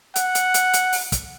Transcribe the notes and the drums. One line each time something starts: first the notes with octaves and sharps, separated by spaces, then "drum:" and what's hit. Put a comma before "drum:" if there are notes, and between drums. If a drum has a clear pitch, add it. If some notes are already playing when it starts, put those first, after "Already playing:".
F#5, drum: hi-hat
drum: hi-hat
drum: hi-hat
drum: hi-hat
drum: open hi-hat
drum: kick, hi-hat